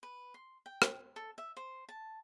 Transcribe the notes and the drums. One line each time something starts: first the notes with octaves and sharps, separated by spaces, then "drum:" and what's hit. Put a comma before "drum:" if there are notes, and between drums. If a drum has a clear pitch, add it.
B4
C6
G5
drum: rim click
A4
E5
C5
A5